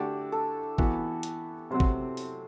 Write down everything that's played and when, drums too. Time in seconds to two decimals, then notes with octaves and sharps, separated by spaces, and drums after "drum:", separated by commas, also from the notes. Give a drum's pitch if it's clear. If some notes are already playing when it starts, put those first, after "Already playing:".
Already playing: D3 A3 D4 E4 F#4 G4 A4
0.32 A4
0.78 E3 B3 F#4, drum: kick
1.23 drum: hi-hat
1.71 C3 F#3 C4 F#4 C5
1.80 drum: kick
2.17 drum: open hi-hat